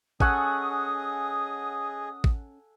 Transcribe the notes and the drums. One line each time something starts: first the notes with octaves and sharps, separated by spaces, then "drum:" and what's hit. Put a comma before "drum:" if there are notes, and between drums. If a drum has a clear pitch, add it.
C#4 G#4 A4 D#5 F#5 G#5 D#6, drum: kick A1
drum: kick A1